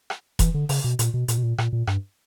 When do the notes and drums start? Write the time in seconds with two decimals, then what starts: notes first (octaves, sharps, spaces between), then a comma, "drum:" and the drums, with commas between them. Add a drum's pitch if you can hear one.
0.10 drum: rim click
0.39 E3, drum: kick E1, hi-hat
0.54 D3
0.69 C#3, drum: open hi-hat
0.84 B2
0.99 A#2, drum: hi-hat
1.14 B2
1.28 A#2, drum: hi-hat
1.38 B2
1.43 A#2
1.58 A#2, drum: rim click
1.73 A#2
1.87 G2, drum: rim click